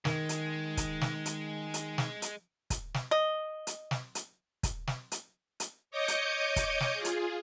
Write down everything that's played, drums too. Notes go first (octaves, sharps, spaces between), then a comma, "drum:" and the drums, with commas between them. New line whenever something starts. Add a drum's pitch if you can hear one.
D#3 G#3, drum: snare
drum: hi-hat
drum: kick, hi-hat
drum: snare
drum: hi-hat
drum: hi-hat
drum: snare
drum: hi-hat
drum: kick, hi-hat
drum: snare
D#5
drum: hi-hat
drum: snare
drum: hi-hat
drum: kick, hi-hat
drum: snare
drum: hi-hat
drum: hi-hat
C#5 D#5 D6 D#6 G6 C#7
drum: hi-hat
drum: kick, hi-hat
drum: snare
F4 G#4
drum: hi-hat